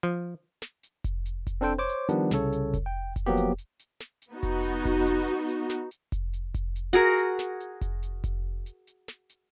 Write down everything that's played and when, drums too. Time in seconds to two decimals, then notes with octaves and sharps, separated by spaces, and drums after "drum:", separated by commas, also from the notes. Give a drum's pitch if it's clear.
0.03 F3
0.62 drum: snare
0.83 drum: hi-hat
1.04 drum: kick F1, hi-hat
1.26 drum: hi-hat
1.47 drum: kick F1, hi-hat
1.61 C4 D4 A4 C5 G5
1.79 C5 C#5 D6
1.89 drum: hi-hat
2.09 D#3 F3 G3 B3 D4, drum: hi-hat
2.31 C2 C#3 A4 C#5, drum: snare
2.52 drum: hi-hat
2.74 drum: kick F1, hi-hat
2.86 G5
3.16 drum: kick F1, hi-hat
3.26 F3 F#3 A#3 B3 G4
3.37 drum: hi-hat
3.58 drum: hi-hat
3.79 drum: hi-hat
4.01 drum: snare
4.22 drum: hi-hat
4.33 B3 D#4 F#4
4.43 drum: kick F1, hi-hat
4.64 drum: hi-hat
4.85 drum: kick F1, hi-hat
5.06 drum: hi-hat
5.28 drum: hi-hat
5.49 drum: hi-hat
5.70 drum: snare
5.91 drum: hi-hat
6.12 drum: kick F1, hi-hat
6.33 drum: hi-hat
6.54 drum: kick F1, hi-hat
6.76 drum: hi-hat
6.93 F#4 G#4 A#4
7.18 drum: hi-hat
7.39 drum: snare
7.60 drum: hi-hat
7.81 drum: kick F1, hi-hat
8.03 drum: hi-hat
8.24 drum: kick F1, hi-hat
8.66 drum: hi-hat
8.87 drum: hi-hat
9.08 drum: snare
9.29 drum: hi-hat